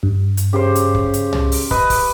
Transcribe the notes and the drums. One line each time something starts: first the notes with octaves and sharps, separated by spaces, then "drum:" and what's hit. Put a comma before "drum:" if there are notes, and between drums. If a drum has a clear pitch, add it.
G2
drum: hi-hat
C#3 G4 C5
drum: hi-hat
drum: kick
drum: hi-hat
drum: tom
drum: open hi-hat
B4 D#5, drum: kick
drum: kick, open hi-hat